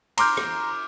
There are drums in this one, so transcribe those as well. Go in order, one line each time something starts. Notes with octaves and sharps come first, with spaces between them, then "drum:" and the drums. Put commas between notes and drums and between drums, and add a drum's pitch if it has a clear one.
A#5 C6 D6 F6 G6, drum: cymbal
drum: rim click